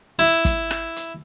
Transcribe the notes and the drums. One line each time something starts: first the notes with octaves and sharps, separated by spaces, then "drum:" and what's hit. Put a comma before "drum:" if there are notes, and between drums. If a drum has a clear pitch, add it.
E4
drum: kick, hi-hat
drum: rim click
drum: hi-hat